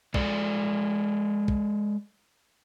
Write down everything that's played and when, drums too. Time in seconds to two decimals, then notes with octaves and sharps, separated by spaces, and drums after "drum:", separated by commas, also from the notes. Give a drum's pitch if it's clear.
0.14 G#3 A4 D5, drum: kick
1.48 drum: kick